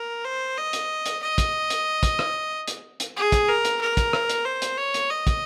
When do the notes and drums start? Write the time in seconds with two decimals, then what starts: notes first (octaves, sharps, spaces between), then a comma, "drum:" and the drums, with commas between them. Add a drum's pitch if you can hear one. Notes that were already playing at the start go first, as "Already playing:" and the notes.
Already playing: A#4
0.25 C5
0.58 D#5
0.73 drum: hi-hat
1.06 drum: hi-hat
1.22 D#5
1.38 drum: kick, hi-hat
1.70 drum: hi-hat
2.03 drum: kick, hi-hat
2.19 drum: rim click
2.68 drum: hi-hat
3.00 drum: hi-hat
3.16 G#4
3.32 drum: kick, hi-hat
3.49 A#4
3.65 drum: hi-hat
3.81 A#4
3.97 drum: kick, hi-hat
4.13 drum: rim click
4.30 drum: hi-hat
4.46 C5
4.62 drum: hi-hat
4.77 C#5
4.94 drum: hi-hat
5.10 D#5
5.27 drum: kick, hi-hat